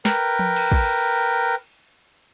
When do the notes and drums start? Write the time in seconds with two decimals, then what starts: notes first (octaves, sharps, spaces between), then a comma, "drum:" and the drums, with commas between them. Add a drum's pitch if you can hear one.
0.05 A#4 B4 G5, drum: snare
0.39 drum: tom F3
0.56 drum: cymbal
0.72 drum: kick